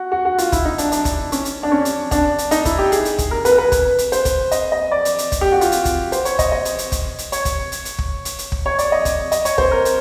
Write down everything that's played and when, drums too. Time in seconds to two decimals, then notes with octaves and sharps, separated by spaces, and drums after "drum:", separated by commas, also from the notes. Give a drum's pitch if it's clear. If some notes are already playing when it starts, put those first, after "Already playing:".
Already playing: F#4
0.12 F#4
0.25 F#4
0.38 F4, drum: hi-hat
0.52 E4, drum: kick, hi-hat
0.65 D#4
0.78 D4, drum: hi-hat
0.92 D4, drum: hi-hat
1.05 drum: kick, hi-hat
1.32 C#4, drum: hi-hat
1.45 drum: hi-hat
1.63 D4
1.72 C#4
1.85 drum: hi-hat
2.11 D4, drum: kick, hi-hat
2.38 drum: hi-hat
2.51 D#4, drum: hi-hat
2.65 E4, drum: kick, hi-hat
2.78 G4
2.92 G#4, drum: hi-hat
3.05 drum: hi-hat
3.18 drum: kick, hi-hat
3.31 A#4
3.45 B4, drum: hi-hat
3.52 A#4
3.58 B4
3.72 drum: kick, hi-hat
3.98 drum: hi-hat
4.12 C5, drum: hi-hat
4.25 drum: kick, hi-hat
4.51 D#5, drum: hi-hat
4.72 D#5
4.92 D5
5.05 drum: hi-hat
5.18 drum: hi-hat
5.32 drum: kick, hi-hat
5.41 G4
5.52 F#4
5.61 F4, drum: hi-hat
5.72 drum: hi-hat
5.85 drum: kick, hi-hat
6.12 C5, drum: hi-hat
6.25 C#5, drum: hi-hat
6.39 D#5, drum: kick, hi-hat
6.52 D#5
6.65 drum: hi-hat
6.78 drum: hi-hat
6.92 drum: kick, hi-hat
7.18 drum: hi-hat
7.32 C#5, drum: hi-hat
7.45 drum: kick, hi-hat
7.72 drum: hi-hat
7.85 drum: hi-hat
7.98 drum: kick
8.25 drum: hi-hat
8.38 drum: hi-hat
8.52 drum: kick
8.66 C#5
8.79 D5, drum: hi-hat
8.92 D#5
9.05 drum: kick, hi-hat
9.32 D#5, drum: hi-hat
9.45 C#5, drum: hi-hat
9.58 C5, drum: kick
9.71 A#4
9.85 drum: hi-hat